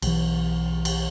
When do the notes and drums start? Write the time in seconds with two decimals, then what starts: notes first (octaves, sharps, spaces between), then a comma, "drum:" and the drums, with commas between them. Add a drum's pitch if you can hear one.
0.02 B1 E3, drum: cymbal
0.85 drum: cymbal